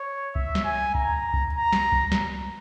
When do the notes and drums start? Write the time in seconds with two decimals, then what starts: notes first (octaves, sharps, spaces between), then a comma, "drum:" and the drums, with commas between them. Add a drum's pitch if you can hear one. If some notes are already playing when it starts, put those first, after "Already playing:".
Already playing: C#5
0.35 E5, drum: kick C2
0.55 drum: snare
0.64 G#5
0.95 A#5, drum: kick C2
1.33 drum: kick C2
1.53 A#5
1.73 drum: snare
1.92 drum: kick C2
2.12 drum: snare